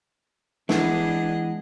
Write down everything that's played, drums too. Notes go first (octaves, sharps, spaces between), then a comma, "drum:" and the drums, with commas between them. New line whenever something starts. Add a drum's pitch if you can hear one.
E3 G#3 B3 D4 G#4 D#5 F#5, drum: snare